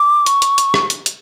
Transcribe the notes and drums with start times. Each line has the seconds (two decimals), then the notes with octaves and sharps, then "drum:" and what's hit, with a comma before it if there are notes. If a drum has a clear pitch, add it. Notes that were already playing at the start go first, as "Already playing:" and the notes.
Already playing: D6
0.26 C#6, drum: hi-hat
0.42 drum: hi-hat
0.58 drum: hi-hat
0.74 drum: rim click
0.90 drum: hi-hat
1.06 drum: hi-hat